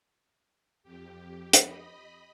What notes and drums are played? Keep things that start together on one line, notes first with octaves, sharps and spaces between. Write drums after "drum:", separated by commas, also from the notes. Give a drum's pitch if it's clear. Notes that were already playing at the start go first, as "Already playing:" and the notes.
F2 G4
D#5 B5, drum: hi-hat